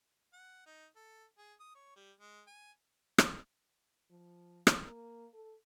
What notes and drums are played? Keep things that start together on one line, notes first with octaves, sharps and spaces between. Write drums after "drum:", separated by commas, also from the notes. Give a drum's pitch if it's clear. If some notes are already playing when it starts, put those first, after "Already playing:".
F#5
D#4
A4
G#4
D#6
C#5
G3
G#3
G#5
drum: rim click
F3
drum: rim click
A#3
A4